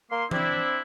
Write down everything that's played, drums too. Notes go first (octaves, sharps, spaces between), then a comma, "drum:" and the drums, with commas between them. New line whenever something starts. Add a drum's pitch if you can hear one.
A#3 C6
C4 D4 E4, drum: tom E3